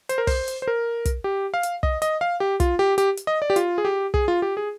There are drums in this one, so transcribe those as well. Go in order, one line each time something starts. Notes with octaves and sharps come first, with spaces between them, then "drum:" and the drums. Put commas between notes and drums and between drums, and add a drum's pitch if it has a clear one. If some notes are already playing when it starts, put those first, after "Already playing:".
C5, drum: hi-hat
A#4
C5, drum: kick, open hi-hat
drum: hi-hat
C5
A#4
drum: kick, hi-hat
G4
F5
drum: hi-hat
D#5, drum: kick
D#5, drum: hi-hat
F5
G4
F4, drum: kick, hi-hat
G4
G4, drum: hi-hat
drum: hi-hat
D#5
D5
G4
F4, drum: hi-hat
G#4
G4
G#4, drum: kick
F4
G4
G#4